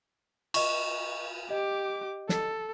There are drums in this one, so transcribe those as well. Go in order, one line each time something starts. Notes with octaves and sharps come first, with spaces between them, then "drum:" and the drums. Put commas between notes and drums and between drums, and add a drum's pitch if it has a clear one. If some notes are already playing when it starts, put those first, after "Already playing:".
D#5 C#6, drum: cymbal
G4 D#5 D6
A4, drum: snare